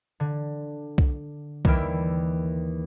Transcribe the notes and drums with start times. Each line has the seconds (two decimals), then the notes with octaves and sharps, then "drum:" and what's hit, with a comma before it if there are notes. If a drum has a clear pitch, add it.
0.20 D3
0.98 drum: kick B1
1.65 D#2 E3 G3 E4 A#4 G5, drum: kick B1